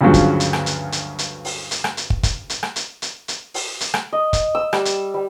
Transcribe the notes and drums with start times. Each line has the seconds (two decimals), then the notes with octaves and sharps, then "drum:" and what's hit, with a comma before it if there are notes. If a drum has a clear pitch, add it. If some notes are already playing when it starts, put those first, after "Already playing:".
0.01 D2 G2 C#3 F3 F#3
0.14 drum: kick, hi-hat
0.40 drum: hi-hat
0.53 drum: rim click
0.66 drum: hi-hat
0.92 drum: hi-hat
1.19 drum: hi-hat
1.45 drum: open hi-hat
1.71 drum: hi-hat
1.84 drum: rim click
1.97 drum: hi-hat
2.10 drum: kick
2.23 drum: kick, hi-hat
2.50 drum: hi-hat
2.63 drum: rim click
2.76 drum: hi-hat
3.02 drum: hi-hat
3.28 drum: hi-hat
3.54 drum: open hi-hat
3.81 drum: hi-hat
3.94 drum: rim click
4.13 D#5
4.33 drum: kick, hi-hat
4.55 E6
4.73 G3, drum: rim click
4.85 drum: hi-hat
5.14 G3